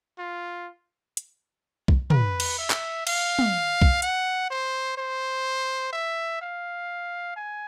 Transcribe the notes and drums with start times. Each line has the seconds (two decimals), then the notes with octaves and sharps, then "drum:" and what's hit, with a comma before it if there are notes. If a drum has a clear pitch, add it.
0.18 F4
1.17 drum: hi-hat
1.88 drum: kick B1
2.10 B4, drum: tom
2.40 drum: cymbal
2.58 E5
2.70 drum: clap
3.07 F5, drum: cymbal
3.39 drum: tom
3.82 drum: kick B1
4.02 F#5, drum: hi-hat
4.50 C5
4.97 C5
5.93 E5
6.42 F5
7.36 G#5